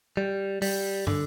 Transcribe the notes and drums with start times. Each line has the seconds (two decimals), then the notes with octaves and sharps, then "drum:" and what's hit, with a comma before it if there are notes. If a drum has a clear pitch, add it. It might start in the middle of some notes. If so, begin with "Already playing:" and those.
0.17 G3
0.62 G3, drum: open hi-hat
1.07 D3, drum: tom